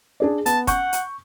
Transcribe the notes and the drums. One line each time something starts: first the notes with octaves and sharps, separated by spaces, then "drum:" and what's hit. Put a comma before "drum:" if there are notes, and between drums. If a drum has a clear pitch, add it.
D4 G#4 D5
B3 A5, drum: hi-hat
F#5 C#6 G6, drum: kick, hi-hat
drum: hi-hat